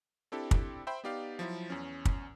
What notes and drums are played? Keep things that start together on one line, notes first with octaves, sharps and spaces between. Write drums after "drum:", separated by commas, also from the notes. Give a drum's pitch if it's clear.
C4 D4 E4 G4 A4
drum: kick
C5 E5 G5 B5
B3 D#4 G4 D5 F5
F3 F#3 E4
E2 C#4
drum: kick